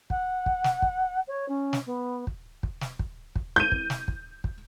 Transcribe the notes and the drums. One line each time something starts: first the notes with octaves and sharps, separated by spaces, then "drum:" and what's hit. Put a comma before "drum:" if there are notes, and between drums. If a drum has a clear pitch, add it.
F#5, drum: kick
drum: kick
drum: snare
drum: kick
C#5
C#4
drum: snare
B3
drum: kick
drum: kick
drum: snare
drum: kick
drum: kick
G6 D#7
drum: kick
drum: snare
drum: kick
drum: kick